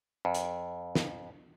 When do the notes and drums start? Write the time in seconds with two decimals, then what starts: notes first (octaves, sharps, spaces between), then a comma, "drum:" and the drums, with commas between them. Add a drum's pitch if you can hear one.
0.25 F2
0.34 drum: hi-hat
0.95 drum: snare